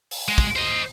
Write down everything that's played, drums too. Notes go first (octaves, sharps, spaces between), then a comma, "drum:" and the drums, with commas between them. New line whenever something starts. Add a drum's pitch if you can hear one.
drum: open hi-hat
G#3
drum: kick
C5 D#5